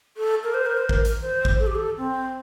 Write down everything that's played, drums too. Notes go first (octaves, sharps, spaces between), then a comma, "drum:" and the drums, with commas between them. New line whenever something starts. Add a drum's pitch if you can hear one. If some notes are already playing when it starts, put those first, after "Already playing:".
A4
A#4
C5
A#4
C5
A#4, drum: kick A1
drum: hi-hat
C5
drum: kick A1
A4
G4
A4
C4